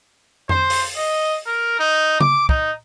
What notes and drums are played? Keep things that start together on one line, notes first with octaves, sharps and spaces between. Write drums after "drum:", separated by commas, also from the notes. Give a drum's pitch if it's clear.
C5, drum: tom F2
drum: open hi-hat
D#5
A#4
D#4
D6, drum: tom C#3
D#4, drum: kick